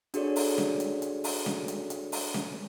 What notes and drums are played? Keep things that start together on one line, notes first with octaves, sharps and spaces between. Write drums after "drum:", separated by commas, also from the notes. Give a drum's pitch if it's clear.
D4 F#4 G#4 A4 C#5 D5, drum: hi-hat
drum: open hi-hat
drum: snare C#4
drum: hi-hat
drum: hi-hat
drum: open hi-hat
drum: snare C#4
drum: hi-hat
drum: hi-hat
drum: open hi-hat
drum: snare C#4